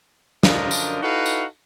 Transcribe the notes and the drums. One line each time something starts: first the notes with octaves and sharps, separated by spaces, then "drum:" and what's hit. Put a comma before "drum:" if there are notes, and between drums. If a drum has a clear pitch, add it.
F#2 D3 F3 D4 A#4 D#5, drum: snare
drum: tambourine
D#4 E4 F#4 A4 B4 F5
drum: tambourine